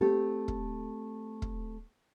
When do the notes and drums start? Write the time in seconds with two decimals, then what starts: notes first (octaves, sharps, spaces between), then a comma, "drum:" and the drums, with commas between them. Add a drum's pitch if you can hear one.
0.01 A3 C4 G4 A4
0.48 drum: kick
1.42 drum: kick